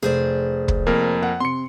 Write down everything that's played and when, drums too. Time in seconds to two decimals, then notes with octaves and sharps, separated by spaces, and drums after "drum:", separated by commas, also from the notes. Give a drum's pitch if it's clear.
0.02 F1 G#4 C5 D5
0.68 drum: kick
0.87 F2 A#3 A#4
1.22 F#5
1.40 C3 C6 C#7